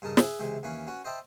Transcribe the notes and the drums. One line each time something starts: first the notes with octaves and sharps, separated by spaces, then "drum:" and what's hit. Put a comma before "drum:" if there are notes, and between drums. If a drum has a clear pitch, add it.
G2 C#3 D#4 A#4 A5
G#4 B4 E5, drum: snare
C#2 C3 E3 G#3
D#2 E3 C#4 B4 F5 B5
C#4 F#4 B4
C5 D#5 E5 G5 A5 B5